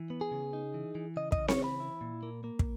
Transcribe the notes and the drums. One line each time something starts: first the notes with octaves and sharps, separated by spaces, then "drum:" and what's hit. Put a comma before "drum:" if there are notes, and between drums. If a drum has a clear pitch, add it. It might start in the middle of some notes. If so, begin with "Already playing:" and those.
Already playing: E3
B3
G#4
C#3
D#4
E3
E3
C#3 D#5
D#5, drum: kick
C#3
C#5, drum: snare C4
E3
B5
E4
A#2
A#3
A#3
drum: kick